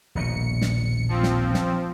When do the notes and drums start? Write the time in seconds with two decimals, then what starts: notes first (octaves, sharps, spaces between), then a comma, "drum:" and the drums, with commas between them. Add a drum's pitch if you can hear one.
0.15 D#1 A#1 B2 C#7
0.61 drum: snare
1.09 F3 C4
1.23 drum: snare
1.54 drum: snare